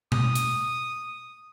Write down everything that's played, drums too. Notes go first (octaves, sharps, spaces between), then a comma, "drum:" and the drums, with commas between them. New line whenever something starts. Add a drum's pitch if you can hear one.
D#6, drum: tom B2
drum: hi-hat